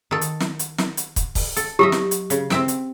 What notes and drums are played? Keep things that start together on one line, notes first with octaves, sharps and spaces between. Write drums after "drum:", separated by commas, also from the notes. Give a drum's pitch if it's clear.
D#3 A4
drum: hi-hat
drum: snare
drum: hi-hat
drum: snare
drum: hi-hat
drum: kick, hi-hat
drum: kick, open hi-hat
A4, drum: hi-hat
F#3 G4 D#5 E5
drum: snare
drum: hi-hat
C#3, drum: hi-hat
C4 E5 G5, drum: snare
drum: hi-hat